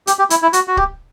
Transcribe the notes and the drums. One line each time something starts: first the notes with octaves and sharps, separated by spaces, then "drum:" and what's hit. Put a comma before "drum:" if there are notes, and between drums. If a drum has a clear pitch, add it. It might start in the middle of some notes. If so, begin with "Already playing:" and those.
G4, drum: hi-hat
G4
E4, drum: hi-hat
E4
F#4, drum: hi-hat
F#4
G4, drum: kick C#1